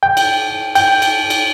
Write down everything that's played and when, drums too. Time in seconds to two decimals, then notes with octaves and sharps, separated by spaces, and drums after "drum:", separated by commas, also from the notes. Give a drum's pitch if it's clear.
0.03 G5
0.17 drum: cymbal
0.75 G5, drum: cymbal
1.02 drum: cymbal
1.30 drum: cymbal